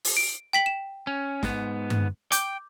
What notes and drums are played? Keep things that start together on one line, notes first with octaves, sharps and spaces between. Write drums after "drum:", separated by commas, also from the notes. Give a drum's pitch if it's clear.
drum: open hi-hat
D7
G5 B6 F#7
E7
C#4
G#2 B3, drum: snare
drum: tom G2
G5 D6 G6, drum: hi-hat